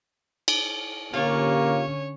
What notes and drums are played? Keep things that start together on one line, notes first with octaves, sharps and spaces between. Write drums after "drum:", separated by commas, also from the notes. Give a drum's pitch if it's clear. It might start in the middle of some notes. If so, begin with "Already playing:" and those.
drum: cymbal
D3 A#3 C#4 F4 G4 C#5 F5